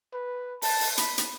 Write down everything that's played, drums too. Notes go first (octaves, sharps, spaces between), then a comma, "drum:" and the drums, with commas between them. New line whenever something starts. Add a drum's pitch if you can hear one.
B4
A5, drum: open hi-hat
drum: open hi-hat
B5, drum: hi-hat
drum: hi-hat